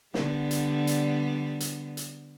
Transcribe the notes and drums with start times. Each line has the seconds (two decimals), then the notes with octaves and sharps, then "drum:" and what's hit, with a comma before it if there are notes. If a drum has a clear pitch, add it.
0.14 D3 G3 B3, drum: snare
0.51 drum: hi-hat
0.87 drum: hi-hat
1.60 drum: hi-hat
1.97 drum: hi-hat